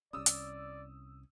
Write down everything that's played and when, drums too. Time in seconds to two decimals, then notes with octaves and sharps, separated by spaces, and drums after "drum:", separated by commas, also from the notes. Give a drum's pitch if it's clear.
0.13 C2 C#4 D5 D#6 E6
0.26 drum: hi-hat